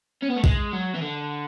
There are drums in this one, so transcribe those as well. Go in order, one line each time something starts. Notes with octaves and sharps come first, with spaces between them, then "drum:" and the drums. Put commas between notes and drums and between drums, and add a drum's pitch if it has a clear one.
C#4
B3
A3
G#3, drum: kick
F#3
E3
D3